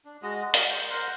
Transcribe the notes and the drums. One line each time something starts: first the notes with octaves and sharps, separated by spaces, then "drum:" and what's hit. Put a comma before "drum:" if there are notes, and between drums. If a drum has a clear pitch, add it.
D4
G#3 F#4 D#5
F#4 A#4, drum: hi-hat
C5
A#4 C5 F#5 C6